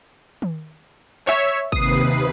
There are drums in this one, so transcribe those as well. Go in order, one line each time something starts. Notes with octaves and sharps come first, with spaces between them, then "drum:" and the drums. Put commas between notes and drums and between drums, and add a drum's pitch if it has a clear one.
drum: tom D#3
C#5 E5, drum: clap
D#2 C3 B4 D#6 C7, drum: kick